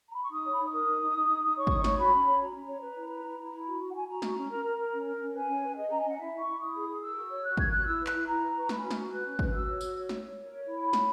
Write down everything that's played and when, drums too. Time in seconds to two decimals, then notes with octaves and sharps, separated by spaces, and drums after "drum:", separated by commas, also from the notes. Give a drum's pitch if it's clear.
0.07 A#5
0.15 B5
0.23 C#6
0.31 D#4 D#6
0.44 C#5
0.51 B5
0.59 D#4 C#6
0.72 A#4 D#6
0.86 D#4
1.01 D#4
1.15 D#4
1.28 D#4
1.43 D#4
1.56 C#5 C#6
1.67 D#4 D#6, drum: kick
1.77 C#6
1.84 C#5, drum: snare
1.98 F#4 B5
2.12 C#4
2.27 C#5
2.40 F#4 A#5
2.54 C#4
2.68 C#5
2.82 B4
2.96 E4
3.10 B4
3.24 E4
3.38 E4
3.52 E4
3.66 F#4
3.80 F#4
3.89 F#5
3.94 F#4 G#5
4.08 F#4 A#5
4.22 F#4, drum: snare
4.36 C#4
4.50 A#4
4.64 A#4
4.78 A#4
4.92 C#4
5.05 A#4
5.20 C#4
5.34 B4 G#5
5.48 C#4
5.61 B4
5.76 G#4 D#5
5.90 C#4 A#5
5.99 G#5
6.04 C#4 F#5
6.18 E4 E5
6.32 E4
6.39 C#6
6.45 E4
6.59 E4 D#6
6.74 G#4
6.88 G#4
7.01 A#4 E6
7.16 F#4
7.29 C#5
7.44 F#4 F#6
7.57 A#4 G#6, drum: kick
7.72 F#4 F#6
7.85 E4 E6
8.00 B4
8.06 F#6, drum: clap
8.13 E4
8.27 E4 A#5
8.41 B4
8.55 B4 C#6
8.69 C#4 B5, drum: snare
8.83 F#4 B5
8.91 C#6, drum: snare
8.97 F#4
9.12 B4 F#6
9.25 C#4
9.39 B4, drum: kick
9.53 F#4 E6
9.67 C#5
9.81 F#4, drum: tambourine
9.95 C#5
10.09 C#5, drum: snare
10.24 C#5
10.37 A#4
10.51 C#5
10.65 E4
10.79 C#5 B5
10.93 C#5, drum: snare